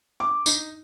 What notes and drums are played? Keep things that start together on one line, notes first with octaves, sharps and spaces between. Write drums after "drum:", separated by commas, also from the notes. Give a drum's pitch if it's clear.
D6
D#4, drum: tambourine